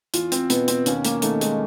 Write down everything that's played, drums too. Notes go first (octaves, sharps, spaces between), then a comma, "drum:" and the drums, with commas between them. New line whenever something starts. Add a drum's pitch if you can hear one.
E2 F4, drum: hi-hat
C4, drum: hi-hat
B2 B3, drum: hi-hat
C4, drum: hi-hat
D#2 C#4, drum: hi-hat
A#3, drum: hi-hat
D#3 A3, drum: hi-hat
G#3, drum: hi-hat